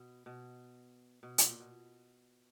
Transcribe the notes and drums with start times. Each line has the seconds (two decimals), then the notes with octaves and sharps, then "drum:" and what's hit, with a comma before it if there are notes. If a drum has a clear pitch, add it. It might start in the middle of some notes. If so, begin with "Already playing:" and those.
Already playing: B2
0.26 B2
1.23 B2
1.38 drum: hi-hat
1.48 A#2
1.60 B2